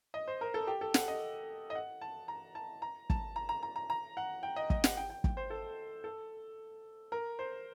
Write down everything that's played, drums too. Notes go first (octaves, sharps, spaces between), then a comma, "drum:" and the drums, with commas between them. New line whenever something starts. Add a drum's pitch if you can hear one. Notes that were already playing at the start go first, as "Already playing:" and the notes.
D#5
C5
A#4
A4
G4
A4
F#5, drum: snare
D#5
D#5
F#5
A5
A#5
A5
A#5
A5, drum: kick
A#5
A#5
A#5
A#5
A#5
F#5
G5
D#5
D#5, drum: kick
F#5, drum: snare
G5
G5
G5, drum: kick
C5
A4
A4
A#4
C5